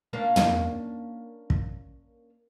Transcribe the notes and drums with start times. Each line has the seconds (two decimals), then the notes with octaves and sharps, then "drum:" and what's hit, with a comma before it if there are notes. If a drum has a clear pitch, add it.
0.13 A#3 C#4 D4
0.36 drum: tom
1.50 drum: kick